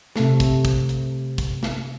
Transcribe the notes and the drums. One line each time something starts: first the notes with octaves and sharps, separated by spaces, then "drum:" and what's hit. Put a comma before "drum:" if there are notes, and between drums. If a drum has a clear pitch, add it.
C3 A3, drum: snare
drum: kick, hi-hat
drum: kick, hi-hat
drum: hi-hat
drum: kick, hi-hat
drum: snare